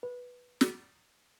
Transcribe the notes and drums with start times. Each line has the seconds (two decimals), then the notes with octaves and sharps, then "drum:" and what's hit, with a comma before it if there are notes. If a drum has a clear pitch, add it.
0.03 B4
0.61 drum: snare